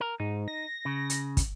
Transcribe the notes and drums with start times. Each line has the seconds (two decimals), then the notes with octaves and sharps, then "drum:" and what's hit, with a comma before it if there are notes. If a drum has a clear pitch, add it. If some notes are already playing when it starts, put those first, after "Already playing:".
0.01 A#4
0.20 G#2 D#4
0.48 A#6
0.85 C#3
1.10 drum: hi-hat
1.37 drum: kick, hi-hat